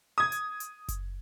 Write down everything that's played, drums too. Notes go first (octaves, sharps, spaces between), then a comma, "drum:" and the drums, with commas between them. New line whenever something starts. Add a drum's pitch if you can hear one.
D#6 G#6
drum: hi-hat
drum: hi-hat
drum: kick F#1, hi-hat